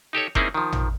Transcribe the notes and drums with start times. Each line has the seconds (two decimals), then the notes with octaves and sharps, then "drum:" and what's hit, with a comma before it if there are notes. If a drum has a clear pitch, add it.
0.13 D#4 G4 A4 C#5
0.35 A#3 C4 C#4 D#4 E4 G#4, drum: kick F#1
0.54 D#3 F3
0.73 drum: tom